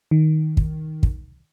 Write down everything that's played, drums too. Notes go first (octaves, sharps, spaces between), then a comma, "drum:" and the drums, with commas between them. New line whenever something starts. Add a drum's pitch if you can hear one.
D#3
drum: kick
drum: kick